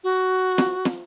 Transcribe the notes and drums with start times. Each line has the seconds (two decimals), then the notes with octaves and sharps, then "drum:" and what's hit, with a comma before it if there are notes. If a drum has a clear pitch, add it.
0.04 F#4
0.58 drum: snare
0.85 drum: snare